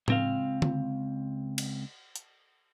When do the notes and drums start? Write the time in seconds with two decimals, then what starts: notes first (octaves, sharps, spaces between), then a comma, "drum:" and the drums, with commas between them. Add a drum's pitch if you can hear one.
0.08 C#2 C4 F5, drum: tom A2
0.62 drum: tom D3
1.58 drum: cymbal
2.16 drum: hi-hat